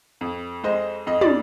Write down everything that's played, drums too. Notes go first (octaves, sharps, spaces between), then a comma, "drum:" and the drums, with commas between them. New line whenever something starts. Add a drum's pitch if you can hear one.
F2
G#3 C5 D#5
F2 D#5
D5, drum: tom